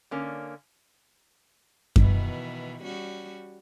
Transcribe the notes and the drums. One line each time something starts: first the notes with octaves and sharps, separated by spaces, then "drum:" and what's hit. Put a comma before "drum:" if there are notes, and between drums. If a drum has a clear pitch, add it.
D3 A#3 C#4
B2 D#3 E3, drum: kick F#2
G3 C#4 F#4